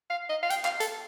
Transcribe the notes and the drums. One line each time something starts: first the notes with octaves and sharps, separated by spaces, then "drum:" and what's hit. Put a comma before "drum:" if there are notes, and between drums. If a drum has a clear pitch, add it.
F5
D#5
F5
G5, drum: hi-hat
F5, drum: clap
A4, drum: hi-hat